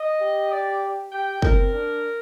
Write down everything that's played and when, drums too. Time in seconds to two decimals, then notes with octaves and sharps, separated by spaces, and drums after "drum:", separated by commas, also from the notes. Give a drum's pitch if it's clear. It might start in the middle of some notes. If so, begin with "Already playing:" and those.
Already playing: D#5
0.21 G4
0.51 D5
1.12 G4 G5
1.42 C4 A#4, drum: kick
1.73 D4